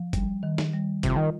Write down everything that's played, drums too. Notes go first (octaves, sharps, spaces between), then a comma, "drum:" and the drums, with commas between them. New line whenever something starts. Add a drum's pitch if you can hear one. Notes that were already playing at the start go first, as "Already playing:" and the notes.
Already playing: F3
G3, drum: kick, hi-hat
D#3
drum: snare
G3
C3 F4, drum: kick, hi-hat
D#3